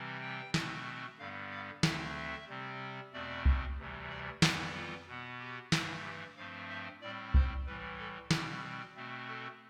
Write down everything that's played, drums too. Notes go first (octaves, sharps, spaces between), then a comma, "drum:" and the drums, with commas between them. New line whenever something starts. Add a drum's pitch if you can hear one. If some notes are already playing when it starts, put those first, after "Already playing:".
Already playing: C3 E3 G3 C4
G5
B2 A3 C4, drum: snare
G2 D3 G3 B3 F5
F5
D2 D3 A3 C4 F5, drum: snare
E5
C3 G3 C4
E2 B2 A3 C4 D5
drum: kick C2
D2 C3 E3 G3
D5
F2 E3 G3 B3 D5, drum: snare
F4
B2 B3
G4
G2 E3 A3, drum: snare
G4
G2 F3 A3 C4 F5
E5
A2 G3 C4 D5
C5, drum: kick C2
A2 E3 G3 B4
A4
B2 G3 C4 G4, drum: snare
B2 A3 C4
A4